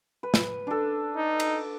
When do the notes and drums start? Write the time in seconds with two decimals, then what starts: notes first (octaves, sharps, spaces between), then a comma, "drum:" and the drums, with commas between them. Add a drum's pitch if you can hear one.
0.23 B4
0.34 drum: snare
0.67 D4 A4
1.17 D#4
1.40 drum: cymbal